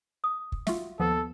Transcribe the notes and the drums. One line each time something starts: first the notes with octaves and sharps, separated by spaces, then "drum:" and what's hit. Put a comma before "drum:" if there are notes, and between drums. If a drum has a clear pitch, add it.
D#6
drum: kick
F4 F#4 E5, drum: snare
D#2 F3 B3 A4